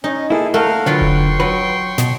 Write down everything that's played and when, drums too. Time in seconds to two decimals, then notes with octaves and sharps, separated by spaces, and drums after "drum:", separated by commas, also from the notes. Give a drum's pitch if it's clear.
0.04 C#4 D#4
0.30 A#3 E4 G#4 A4
0.54 A3 A#4 F5 F#5
0.86 D3 F#3 F4 B4 G5 C6 C#6
1.01 drum: kick F1
1.40 F#3 B4
1.98 B2, drum: snare